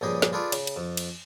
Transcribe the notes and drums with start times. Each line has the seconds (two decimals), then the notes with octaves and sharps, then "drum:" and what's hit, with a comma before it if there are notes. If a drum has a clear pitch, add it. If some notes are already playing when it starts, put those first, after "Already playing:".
0.01 A#1 G2 C#3 G4 G#4 D#5
0.22 drum: snare
0.33 F4 G#4 A4 B4 D5 F5
0.52 C#3, drum: cymbal
0.67 drum: cymbal
0.76 F2
0.97 drum: cymbal